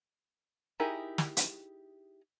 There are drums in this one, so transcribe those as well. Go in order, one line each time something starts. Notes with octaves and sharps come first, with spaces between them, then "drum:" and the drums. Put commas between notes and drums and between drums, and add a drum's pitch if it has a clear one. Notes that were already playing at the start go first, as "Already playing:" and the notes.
D#4 E4 G4 G#4 A#4
drum: snare
drum: hi-hat